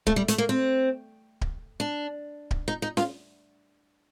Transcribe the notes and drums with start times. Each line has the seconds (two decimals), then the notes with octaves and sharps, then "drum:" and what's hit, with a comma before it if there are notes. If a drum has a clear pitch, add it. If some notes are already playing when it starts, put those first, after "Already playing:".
0.07 A3, drum: kick D1
0.16 G3
0.28 A3, drum: hi-hat
0.38 A#3
0.49 C4
1.41 drum: kick D1
1.80 D4
2.51 drum: kick D1
2.68 D#4
2.82 D#4
2.97 F4, drum: snare C#4